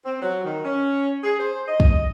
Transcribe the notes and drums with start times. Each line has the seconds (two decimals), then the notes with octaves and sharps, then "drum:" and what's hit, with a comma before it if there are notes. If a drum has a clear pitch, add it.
0.05 C4
0.22 F#3
0.44 D#3
0.65 C#4
1.24 G#4
1.40 C5
1.68 D#5
1.80 drum: kick